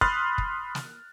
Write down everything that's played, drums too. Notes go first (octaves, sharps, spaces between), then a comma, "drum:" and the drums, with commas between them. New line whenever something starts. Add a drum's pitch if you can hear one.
B5 C6 D#6 F6 F#6 A6, drum: kick
drum: kick
drum: snare